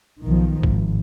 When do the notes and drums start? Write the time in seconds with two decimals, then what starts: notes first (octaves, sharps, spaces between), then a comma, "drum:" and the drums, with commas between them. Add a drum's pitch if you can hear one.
0.23 B1 D#3 F3
0.63 G#1, drum: kick